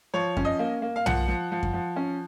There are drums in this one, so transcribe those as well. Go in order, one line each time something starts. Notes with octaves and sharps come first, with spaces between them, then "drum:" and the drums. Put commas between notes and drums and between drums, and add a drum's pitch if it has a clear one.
F3 C#5
C#4, drum: kick F#2
D#5
A#3
A#3
F5
F3 F#5, drum: tom B1
F3
F3
drum: kick F#2
F3
C#4